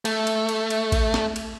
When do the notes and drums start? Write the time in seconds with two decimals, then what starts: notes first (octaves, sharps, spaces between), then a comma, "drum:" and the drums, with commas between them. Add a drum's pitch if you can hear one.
0.05 A3, drum: cymbal
0.27 drum: cymbal
0.49 drum: cymbal
0.70 drum: cymbal
0.92 drum: kick, cymbal
1.14 drum: snare
1.36 drum: cymbal